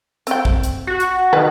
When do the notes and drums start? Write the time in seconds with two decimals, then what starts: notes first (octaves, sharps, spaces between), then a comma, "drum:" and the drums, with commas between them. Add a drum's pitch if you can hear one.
0.27 C4 G5, drum: hi-hat
0.45 drum: kick
0.63 drum: hi-hat
0.87 F#4
1.00 drum: hi-hat
1.33 D#3 B4